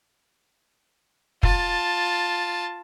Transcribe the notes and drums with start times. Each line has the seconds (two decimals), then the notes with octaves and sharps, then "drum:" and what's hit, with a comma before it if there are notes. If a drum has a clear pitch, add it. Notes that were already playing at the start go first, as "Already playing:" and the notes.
1.43 F4 A5, drum: kick